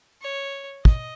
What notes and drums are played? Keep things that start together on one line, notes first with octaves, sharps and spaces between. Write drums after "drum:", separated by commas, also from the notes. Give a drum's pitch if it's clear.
C#5
D#5, drum: kick